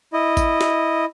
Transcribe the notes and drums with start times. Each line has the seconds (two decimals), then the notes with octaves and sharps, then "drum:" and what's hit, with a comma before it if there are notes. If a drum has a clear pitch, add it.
0.13 E4 D#5
0.37 drum: kick G#1, tambourine
0.61 drum: snare